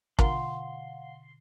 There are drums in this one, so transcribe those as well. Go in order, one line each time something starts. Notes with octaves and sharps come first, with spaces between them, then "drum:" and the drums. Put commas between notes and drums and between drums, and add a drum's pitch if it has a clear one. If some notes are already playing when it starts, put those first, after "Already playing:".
B2 D3 F4 A#4 F5 F#5 C6, drum: kick